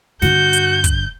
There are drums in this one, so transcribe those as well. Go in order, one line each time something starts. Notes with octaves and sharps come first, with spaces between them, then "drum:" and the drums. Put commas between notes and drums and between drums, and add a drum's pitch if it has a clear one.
G2 D3 F#4 G6, drum: snare
drum: hi-hat
drum: kick, hi-hat